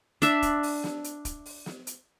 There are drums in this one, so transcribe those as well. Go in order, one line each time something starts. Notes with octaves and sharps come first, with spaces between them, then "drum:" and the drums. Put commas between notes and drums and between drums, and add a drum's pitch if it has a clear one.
D4 E5, drum: hi-hat
drum: kick, hi-hat
drum: open hi-hat
drum: snare
drum: hi-hat
drum: kick, hi-hat
drum: open hi-hat
drum: snare
drum: hi-hat